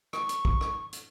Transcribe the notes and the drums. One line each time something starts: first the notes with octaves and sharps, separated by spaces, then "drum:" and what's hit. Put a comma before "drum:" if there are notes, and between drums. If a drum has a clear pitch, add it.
C#6, drum: rim click
drum: hi-hat
drum: kick
drum: rim click
drum: hi-hat